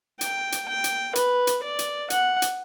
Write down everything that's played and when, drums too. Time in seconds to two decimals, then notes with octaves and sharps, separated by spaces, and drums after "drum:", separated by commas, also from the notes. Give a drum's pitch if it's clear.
0.21 G5, drum: hi-hat
0.52 drum: hi-hat
0.68 G5
0.84 drum: hi-hat
1.15 B4, drum: hi-hat
1.47 drum: hi-hat
1.63 D5
1.79 drum: hi-hat
2.10 F#5, drum: hi-hat
2.42 drum: hi-hat